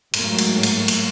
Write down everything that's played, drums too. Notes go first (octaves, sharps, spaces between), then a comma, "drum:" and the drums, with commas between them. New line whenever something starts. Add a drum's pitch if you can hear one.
G#2 F#3 A3 A#3, drum: cymbal
drum: cymbal
drum: cymbal
drum: cymbal